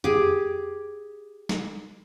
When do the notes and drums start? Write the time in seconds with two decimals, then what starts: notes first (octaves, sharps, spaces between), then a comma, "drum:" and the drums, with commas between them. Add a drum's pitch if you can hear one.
0.04 G4 G#4, drum: tom F2
1.49 drum: snare